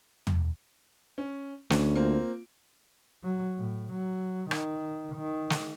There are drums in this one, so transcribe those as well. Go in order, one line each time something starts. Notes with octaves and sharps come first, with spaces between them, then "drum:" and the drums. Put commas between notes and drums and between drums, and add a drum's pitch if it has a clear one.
drum: tom
C#4
D2 C#4, drum: snare
A#3 C4 F4
F#3
A2
F#3
D#3, drum: rim click
D#3
drum: snare